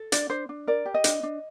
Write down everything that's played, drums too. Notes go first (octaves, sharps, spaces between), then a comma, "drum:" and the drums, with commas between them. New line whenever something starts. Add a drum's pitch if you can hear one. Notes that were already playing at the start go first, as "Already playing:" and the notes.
Already playing: A4
D4 D5, drum: hi-hat
D4 C5
D4
A#4 D5
G4
D#5
D4, drum: hi-hat
D4